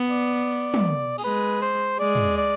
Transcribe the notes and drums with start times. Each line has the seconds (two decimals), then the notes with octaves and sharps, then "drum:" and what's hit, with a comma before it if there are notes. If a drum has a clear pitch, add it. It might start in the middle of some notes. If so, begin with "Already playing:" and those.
Already playing: B3
0.10 D5
0.74 drum: tom
1.18 G#4, drum: cymbal
1.23 G#3 B4
1.62 C5
1.99 G#3 D5
2.15 drum: tom
2.38 D5